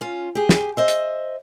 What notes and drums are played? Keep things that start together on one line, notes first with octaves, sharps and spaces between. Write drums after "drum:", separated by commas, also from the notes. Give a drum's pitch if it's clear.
C#4 F4
G4 G#4
drum: snare
C5 D#5 E5
drum: hi-hat